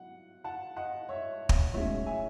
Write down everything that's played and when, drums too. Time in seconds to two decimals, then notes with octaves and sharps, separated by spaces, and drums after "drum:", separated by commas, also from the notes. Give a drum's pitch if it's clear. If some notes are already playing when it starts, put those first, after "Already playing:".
Already playing: F#3 E4 F#5
0.44 F#5 A5
0.76 D#5 F#5
1.09 C#5 E5
1.49 drum: kick
1.74 B1 A2 G#3 C#4 C#5 E5
2.06 E5 G#5